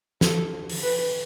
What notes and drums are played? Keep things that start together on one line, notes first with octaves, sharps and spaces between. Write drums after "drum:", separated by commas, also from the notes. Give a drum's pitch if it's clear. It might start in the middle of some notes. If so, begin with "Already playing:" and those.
A4, drum: snare
drum: open hi-hat
B4